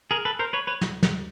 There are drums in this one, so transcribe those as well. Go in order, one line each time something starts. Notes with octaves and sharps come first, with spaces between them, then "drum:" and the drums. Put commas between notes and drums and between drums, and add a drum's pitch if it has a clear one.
G#4 A#4
A4 B4
A#4 C5
B4 C#5
B4 C#5
drum: snare
drum: snare